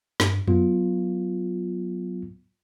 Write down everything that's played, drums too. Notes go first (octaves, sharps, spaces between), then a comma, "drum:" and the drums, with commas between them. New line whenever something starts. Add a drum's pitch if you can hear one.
G2, drum: snare
F#3 B3 F4, drum: tom F2